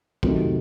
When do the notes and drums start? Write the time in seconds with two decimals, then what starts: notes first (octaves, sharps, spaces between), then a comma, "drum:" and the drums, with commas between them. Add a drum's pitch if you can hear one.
0.23 F2 C3 D#3 F#3 A3, drum: kick